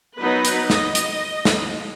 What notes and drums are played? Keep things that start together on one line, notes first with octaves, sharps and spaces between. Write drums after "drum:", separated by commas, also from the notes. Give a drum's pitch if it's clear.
F#3 B3 D#4 B4
drum: hi-hat
D#5, drum: snare
drum: hi-hat
drum: snare